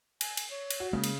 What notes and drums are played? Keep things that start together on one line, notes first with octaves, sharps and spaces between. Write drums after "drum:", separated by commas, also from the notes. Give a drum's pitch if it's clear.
G#5, drum: cymbal
drum: cymbal
C#5
drum: cymbal
F#4
C#3 G#3 A#3 G#4
drum: cymbal